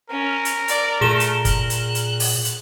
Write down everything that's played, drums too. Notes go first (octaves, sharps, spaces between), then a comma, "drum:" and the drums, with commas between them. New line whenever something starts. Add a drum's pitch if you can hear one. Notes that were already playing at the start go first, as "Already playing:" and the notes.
C#4 A#4
drum: hi-hat
D5, drum: hi-hat
A#2 A3 G#4 E7 G7
drum: hi-hat
F#6, drum: kick, hi-hat
drum: hi-hat
drum: hi-hat
drum: open hi-hat
drum: hi-hat